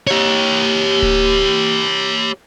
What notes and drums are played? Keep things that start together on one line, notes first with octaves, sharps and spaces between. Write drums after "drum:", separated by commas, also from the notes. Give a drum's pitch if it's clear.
G4 C#5
drum: kick D1